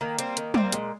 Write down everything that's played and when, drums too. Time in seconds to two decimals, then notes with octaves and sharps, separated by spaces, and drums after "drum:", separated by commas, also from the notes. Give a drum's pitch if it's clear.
0.01 D#3 A#3
0.19 G3 C4, drum: hi-hat
0.37 D#3, drum: hi-hat
0.54 G3 C4, drum: tom
0.64 A#3
0.72 A#2 G#3, drum: hi-hat